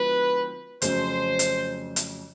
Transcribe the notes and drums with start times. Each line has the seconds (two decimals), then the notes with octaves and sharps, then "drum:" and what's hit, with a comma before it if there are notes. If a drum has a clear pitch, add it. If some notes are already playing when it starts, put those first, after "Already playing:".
Already playing: D#3 F#3 A3 C4 F4 B4
0.82 F2 C#3 F#3 A3 C#4 C5, drum: hi-hat
1.39 drum: hi-hat
1.96 drum: hi-hat